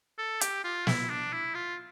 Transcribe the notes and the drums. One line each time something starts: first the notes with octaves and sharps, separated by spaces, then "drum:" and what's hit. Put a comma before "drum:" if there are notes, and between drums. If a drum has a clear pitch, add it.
A4
G4, drum: hi-hat
F4
E4, drum: snare
D4
E4
F4